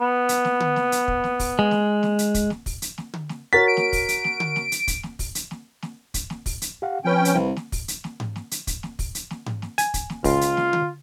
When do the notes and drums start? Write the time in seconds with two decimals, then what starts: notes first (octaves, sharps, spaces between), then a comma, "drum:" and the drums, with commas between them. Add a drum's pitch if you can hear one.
0.01 B3
0.29 drum: hi-hat
0.45 drum: snare
0.60 drum: tom D3
0.76 drum: snare
0.92 drum: hi-hat
1.08 drum: kick
1.24 drum: snare
1.39 drum: kick, open hi-hat
1.59 G#3
1.71 drum: snare
2.03 drum: snare
2.19 drum: hi-hat
2.34 drum: kick, hi-hat
2.50 drum: snare
2.66 drum: kick, open hi-hat
2.82 drum: hi-hat
2.98 drum: snare
3.14 drum: tom D3
3.29 drum: snare
3.53 F#4 A#4 C#5 A6 B6
3.68 D7
3.77 drum: snare
3.93 drum: kick, open hi-hat
4.08 drum: hi-hat
4.24 drum: snare
4.40 drum: tom D3
4.56 drum: snare
4.72 drum: hi-hat
4.88 drum: kick, hi-hat
5.03 drum: snare
5.19 drum: kick, open hi-hat
5.35 drum: hi-hat
5.51 drum: snare
5.82 drum: snare
6.14 drum: kick, hi-hat
6.30 drum: snare
6.46 drum: kick, open hi-hat
6.62 drum: hi-hat
6.82 G4 F5 F#5
7.05 F3 C4 C#4 B4 G5
7.25 drum: hi-hat
7.34 C2
7.56 drum: snare
7.72 drum: kick, open hi-hat
7.88 drum: hi-hat
8.04 drum: snare
8.20 drum: tom G#2
8.36 drum: snare
8.51 drum: hi-hat
8.67 drum: kick, hi-hat
8.83 drum: snare
8.99 drum: kick, open hi-hat
9.15 drum: hi-hat
9.31 drum: snare
9.46 drum: tom G#2
9.62 drum: snare
9.78 G#5, drum: hi-hat
9.94 drum: kick, hi-hat
10.10 drum: snare
10.24 C#2 F4, drum: kick, open hi-hat
10.41 drum: hi-hat
10.57 drum: snare
10.73 drum: tom D3